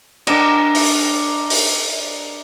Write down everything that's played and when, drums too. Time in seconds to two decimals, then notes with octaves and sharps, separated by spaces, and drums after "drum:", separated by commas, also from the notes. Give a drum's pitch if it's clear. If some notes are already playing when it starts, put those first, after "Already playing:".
0.27 D4 A#4 D#5, drum: cymbal
0.75 drum: open hi-hat
1.50 drum: open hi-hat